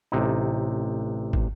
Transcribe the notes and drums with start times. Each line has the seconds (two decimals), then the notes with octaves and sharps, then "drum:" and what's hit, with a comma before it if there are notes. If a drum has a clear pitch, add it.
0.12 A1 C3 D#4
1.33 drum: kick